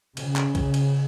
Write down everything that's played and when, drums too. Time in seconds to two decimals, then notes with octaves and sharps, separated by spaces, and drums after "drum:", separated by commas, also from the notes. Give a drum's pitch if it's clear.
0.17 C#3, drum: cymbal
0.36 drum: clap
0.55 drum: kick B1, cymbal
0.74 drum: cymbal